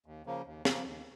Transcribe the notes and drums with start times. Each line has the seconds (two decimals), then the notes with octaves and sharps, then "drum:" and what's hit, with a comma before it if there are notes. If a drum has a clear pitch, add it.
0.06 D#2
0.26 C#3 F3 A#3
0.47 D#2
0.65 C#3 F3 A#3, drum: snare
0.86 D#2